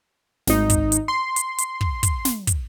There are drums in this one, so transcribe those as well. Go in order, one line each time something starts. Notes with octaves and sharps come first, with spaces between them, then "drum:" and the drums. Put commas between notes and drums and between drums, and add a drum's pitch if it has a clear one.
G#1 D#4, drum: snare
drum: kick, hi-hat
drum: hi-hat
C6
drum: hi-hat
drum: hi-hat
drum: kick
drum: kick, hi-hat
drum: snare
drum: kick, hi-hat